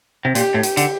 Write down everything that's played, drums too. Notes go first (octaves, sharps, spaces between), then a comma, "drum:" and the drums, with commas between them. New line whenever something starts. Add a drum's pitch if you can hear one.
C3
A#2 G4, drum: hi-hat
A2
G4, drum: hi-hat
D3, drum: hi-hat